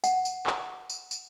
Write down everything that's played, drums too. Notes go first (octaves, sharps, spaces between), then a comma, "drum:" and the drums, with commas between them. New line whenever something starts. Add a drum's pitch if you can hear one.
F#5, drum: tambourine
drum: tambourine
drum: clap
drum: tambourine
drum: tambourine